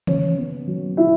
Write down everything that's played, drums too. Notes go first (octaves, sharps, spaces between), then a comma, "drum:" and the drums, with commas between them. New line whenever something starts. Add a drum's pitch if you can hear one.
C#3 C#4 C#5, drum: tom D#3
B3
F#3
E4 E5